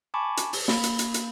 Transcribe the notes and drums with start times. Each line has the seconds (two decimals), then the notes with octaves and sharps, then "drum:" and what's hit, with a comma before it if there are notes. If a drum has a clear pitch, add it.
0.14 G#5 A5 B5 C#6 D6
0.37 drum: hi-hat
0.53 drum: open hi-hat
0.68 A#3 B5, drum: snare
0.83 drum: hi-hat
0.99 drum: hi-hat
1.14 drum: hi-hat